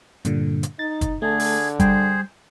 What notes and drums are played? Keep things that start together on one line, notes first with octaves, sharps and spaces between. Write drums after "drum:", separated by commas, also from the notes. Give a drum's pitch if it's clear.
G2 A#2 D3, drum: hi-hat
drum: hi-hat
D#4 A6
drum: kick, hi-hat
D3 A3 G#4 A5
drum: open hi-hat
G3 G#4 C5 G5, drum: kick, hi-hat